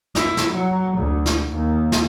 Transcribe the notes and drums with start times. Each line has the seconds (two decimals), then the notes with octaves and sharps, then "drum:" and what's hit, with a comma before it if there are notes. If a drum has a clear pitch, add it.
0.15 E4, drum: snare
0.37 drum: snare
0.52 F#3
0.97 D2
1.26 drum: snare
1.51 D#2
1.92 drum: snare